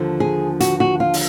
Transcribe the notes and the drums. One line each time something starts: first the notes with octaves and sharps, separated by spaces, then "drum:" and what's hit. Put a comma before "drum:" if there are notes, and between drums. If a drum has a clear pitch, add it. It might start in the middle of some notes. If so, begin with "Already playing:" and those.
Already playing: D#2 D3 F3
G#4
F#4, drum: hi-hat
F#4
F4
drum: open hi-hat